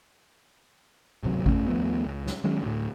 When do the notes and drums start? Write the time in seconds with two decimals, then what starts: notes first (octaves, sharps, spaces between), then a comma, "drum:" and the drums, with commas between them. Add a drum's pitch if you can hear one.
1.23 D1 G#1 C3 F#3
1.46 F#2 A3 C#4, drum: kick G#1
1.68 D#2 F3 A3 B3
2.06 C#2
2.26 drum: snare
2.44 D#3 F#3 G#3 C#4
2.62 D2 A2